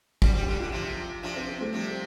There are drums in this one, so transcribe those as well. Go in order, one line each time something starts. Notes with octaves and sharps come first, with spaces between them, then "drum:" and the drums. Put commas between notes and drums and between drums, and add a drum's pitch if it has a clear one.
G3 C4 D4, drum: kick
G3 C4 G4
D3 G3 G4
D3 F4
C3 F3
C3 F3 D4
C4
C4
A3
C3 F3 G3